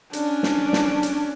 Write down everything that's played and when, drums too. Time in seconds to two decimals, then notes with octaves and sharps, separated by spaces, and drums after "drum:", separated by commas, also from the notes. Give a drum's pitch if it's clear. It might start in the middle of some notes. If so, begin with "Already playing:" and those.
0.13 C#4 D4, drum: hi-hat
0.43 drum: snare
0.73 drum: snare
1.03 drum: hi-hat